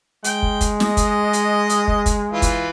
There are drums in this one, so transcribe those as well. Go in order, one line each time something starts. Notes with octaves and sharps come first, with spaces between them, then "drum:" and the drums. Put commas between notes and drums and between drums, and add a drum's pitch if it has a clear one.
G#3 G5, drum: hi-hat
drum: kick
drum: kick, hi-hat
D#5, drum: snare
drum: kick, hi-hat
drum: hi-hat
drum: hi-hat
drum: kick
drum: kick, hi-hat
E3 F4
drum: kick, hi-hat